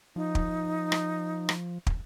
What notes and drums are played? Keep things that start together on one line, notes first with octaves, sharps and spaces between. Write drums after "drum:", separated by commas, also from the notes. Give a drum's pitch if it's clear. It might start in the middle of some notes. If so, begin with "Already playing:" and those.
F3 D#4
drum: kick
drum: rim click
drum: rim click
drum: kick